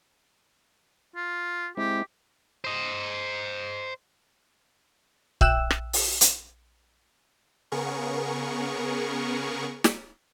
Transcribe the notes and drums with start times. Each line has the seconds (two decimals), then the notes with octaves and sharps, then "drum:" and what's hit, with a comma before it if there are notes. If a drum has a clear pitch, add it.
1.16 F4
1.77 G#3 C4 E4 G4
2.64 C5 D#5
5.41 A#1 E5 G5 E6 F#6 E7, drum: kick
5.71 drum: rim click
5.93 drum: open hi-hat
6.21 drum: hi-hat
7.72 C#3 B3 G#4 A#4 C#6
9.84 drum: snare